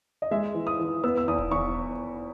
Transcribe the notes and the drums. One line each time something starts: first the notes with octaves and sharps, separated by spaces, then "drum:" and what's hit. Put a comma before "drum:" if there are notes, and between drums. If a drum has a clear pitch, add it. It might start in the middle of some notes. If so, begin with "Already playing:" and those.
D#5
G#3 E5
E3
D#6
E3
B3 E6
E6
E2 D#6
drum: kick D#1
E2 C#6